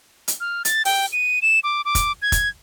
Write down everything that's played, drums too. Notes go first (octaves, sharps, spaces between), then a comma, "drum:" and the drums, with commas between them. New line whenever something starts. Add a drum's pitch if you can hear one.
drum: hi-hat
F6
A6, drum: hi-hat
G5, drum: open hi-hat
D#7
E7
D6
D6
drum: kick, hi-hat
G#6
drum: kick, hi-hat